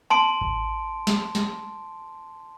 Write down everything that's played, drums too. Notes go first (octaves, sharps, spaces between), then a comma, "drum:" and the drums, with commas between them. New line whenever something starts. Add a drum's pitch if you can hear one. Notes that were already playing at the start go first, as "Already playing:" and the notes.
A5 C6 D7
drum: kick G#1
drum: snare
drum: snare